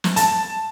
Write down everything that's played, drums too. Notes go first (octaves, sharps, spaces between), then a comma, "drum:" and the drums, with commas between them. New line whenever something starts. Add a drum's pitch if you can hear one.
drum: snare
A5, drum: hi-hat